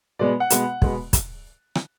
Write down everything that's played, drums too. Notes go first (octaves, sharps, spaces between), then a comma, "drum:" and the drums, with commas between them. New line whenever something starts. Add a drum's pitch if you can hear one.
B2 G#3 B3 D5
F#5
B2 G#3 B3, drum: hi-hat
B2 G#3 B3, drum: kick
drum: kick, hi-hat
drum: rim click